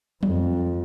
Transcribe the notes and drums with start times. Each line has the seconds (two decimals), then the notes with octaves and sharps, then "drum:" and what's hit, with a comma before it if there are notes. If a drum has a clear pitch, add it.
0.23 F2, drum: tom F#3